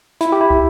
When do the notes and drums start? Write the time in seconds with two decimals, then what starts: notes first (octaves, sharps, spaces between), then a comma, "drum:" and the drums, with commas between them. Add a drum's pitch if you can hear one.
0.21 E4, drum: hi-hat
0.32 G4
0.41 E4
0.50 drum: kick